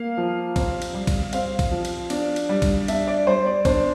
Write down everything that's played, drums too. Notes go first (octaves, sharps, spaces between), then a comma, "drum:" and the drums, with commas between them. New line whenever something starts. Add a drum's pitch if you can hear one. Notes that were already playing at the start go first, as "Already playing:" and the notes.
Already playing: A#3 F5
F3
C4, drum: kick A#1, cymbal
drum: cymbal
G3
drum: kick A#1, cymbal
C4 F5, drum: cymbal
drum: kick A#1, cymbal
F3
drum: cymbal
D4, drum: cymbal
drum: cymbal
G3
drum: kick A#1, cymbal
D4 E5, drum: cymbal
D5
G3 C5
D5
D4 C5, drum: kick A#1, cymbal